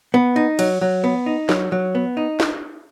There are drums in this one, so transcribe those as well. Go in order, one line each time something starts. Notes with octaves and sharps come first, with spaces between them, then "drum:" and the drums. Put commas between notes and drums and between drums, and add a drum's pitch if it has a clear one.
B3
D#4
F#3, drum: cymbal
F#3
B3
D#4
F#3, drum: snare
F#3
B3
D#4
drum: snare